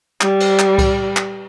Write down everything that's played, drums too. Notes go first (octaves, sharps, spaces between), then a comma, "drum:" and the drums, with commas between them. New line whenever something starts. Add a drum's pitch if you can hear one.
G3, drum: clap
drum: cymbal
drum: clap
drum: kick C2, cymbal
drum: clap